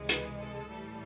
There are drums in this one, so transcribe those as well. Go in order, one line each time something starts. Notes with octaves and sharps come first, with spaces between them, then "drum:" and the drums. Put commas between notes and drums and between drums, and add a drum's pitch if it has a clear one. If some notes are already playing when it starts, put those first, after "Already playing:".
Already playing: C#2 C3 E3 G#3
B4, drum: hi-hat
A4
A2 E3 G3